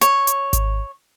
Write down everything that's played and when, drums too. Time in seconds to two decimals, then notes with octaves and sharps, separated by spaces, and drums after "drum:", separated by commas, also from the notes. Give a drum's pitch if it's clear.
0.01 C#5, drum: hi-hat
0.27 drum: hi-hat
0.53 drum: kick G#1, hi-hat